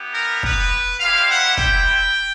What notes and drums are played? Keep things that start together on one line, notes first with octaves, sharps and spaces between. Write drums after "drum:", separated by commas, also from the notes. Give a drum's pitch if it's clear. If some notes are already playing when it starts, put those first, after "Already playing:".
Already playing: B3 E4 G4
A#4
B4, drum: kick
G3 C4 E4 G4 F5
F#5
G5, drum: kick